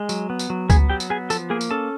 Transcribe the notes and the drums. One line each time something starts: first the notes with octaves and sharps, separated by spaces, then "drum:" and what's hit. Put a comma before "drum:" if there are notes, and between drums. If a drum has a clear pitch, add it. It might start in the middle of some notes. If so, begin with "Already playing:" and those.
Already playing: G#3
F#3, drum: tambourine
B3
drum: tambourine
F#3
B3 G#4 G#5, drum: kick C#2, tambourine
F#3 G4 G5
drum: tambourine
B3 G#4 G#5
F3 A4 A5, drum: tambourine
A#3 G#4 G#5
drum: tambourine
C#4 A4 A5